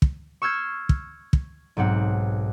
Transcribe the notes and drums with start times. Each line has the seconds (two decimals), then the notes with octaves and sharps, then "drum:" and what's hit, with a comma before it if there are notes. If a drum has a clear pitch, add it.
0.02 drum: kick
0.42 C#6 E6 F6 G6 G#6 C7
0.89 drum: kick
1.33 drum: kick
1.77 B1 G#2 C4 F#5